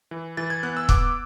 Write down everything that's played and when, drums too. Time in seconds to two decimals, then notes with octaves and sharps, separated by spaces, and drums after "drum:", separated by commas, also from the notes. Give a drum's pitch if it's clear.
0.11 E3
0.37 E3 A6
0.50 G#6
0.63 B3 F#6
0.77 E6
0.89 B3 D6, drum: kick